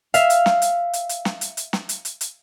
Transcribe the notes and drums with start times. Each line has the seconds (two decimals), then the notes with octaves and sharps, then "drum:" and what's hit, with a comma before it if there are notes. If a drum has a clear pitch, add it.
0.14 E5 F5, drum: hi-hat
0.30 drum: hi-hat
0.46 drum: snare
0.62 drum: hi-hat
0.93 drum: hi-hat
1.09 drum: hi-hat
1.25 drum: snare
1.41 drum: hi-hat
1.57 drum: hi-hat
1.73 drum: snare
1.89 drum: hi-hat
2.05 drum: hi-hat
2.21 drum: hi-hat